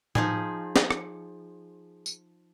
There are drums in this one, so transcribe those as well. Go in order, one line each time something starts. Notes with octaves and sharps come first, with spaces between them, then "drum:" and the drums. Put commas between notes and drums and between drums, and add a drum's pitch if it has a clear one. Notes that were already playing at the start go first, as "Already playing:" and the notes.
F3 D#4 G#4, drum: tom A2
drum: snare
drum: rim click
drum: tambourine